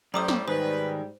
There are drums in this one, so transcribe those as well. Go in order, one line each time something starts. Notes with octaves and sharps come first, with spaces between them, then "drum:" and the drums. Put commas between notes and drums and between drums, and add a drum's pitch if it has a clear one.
F#2 A2 G3 C5 D5 A#5 D6 D#6
drum: snare
G#2 D#3 G3 G#4 B4 C5